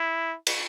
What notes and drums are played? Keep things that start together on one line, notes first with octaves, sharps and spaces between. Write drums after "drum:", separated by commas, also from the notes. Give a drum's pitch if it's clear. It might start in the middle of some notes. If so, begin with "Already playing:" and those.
Already playing: E4
drum: cymbal